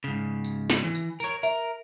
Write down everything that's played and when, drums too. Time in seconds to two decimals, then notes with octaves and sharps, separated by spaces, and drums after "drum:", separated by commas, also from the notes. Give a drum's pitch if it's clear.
0.04 G#2 C#3
0.44 drum: tambourine
0.70 drum: snare
0.84 E3
0.95 drum: tambourine
1.20 A#4 C#5 D7, drum: tambourine
1.43 A#4 E5, drum: tambourine